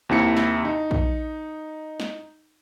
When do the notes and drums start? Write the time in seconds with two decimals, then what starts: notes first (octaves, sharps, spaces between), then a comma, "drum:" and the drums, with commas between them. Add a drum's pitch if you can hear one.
0.09 D#2 C3 E4 C#7
0.37 drum: snare
0.65 D#4
0.91 drum: kick
2.00 drum: snare